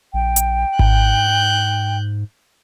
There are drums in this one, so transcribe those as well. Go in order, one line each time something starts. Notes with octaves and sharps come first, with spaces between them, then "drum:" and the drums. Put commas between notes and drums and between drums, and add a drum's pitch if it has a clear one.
A#1 G5
drum: hi-hat
G#2 F#6 G6, drum: kick G#1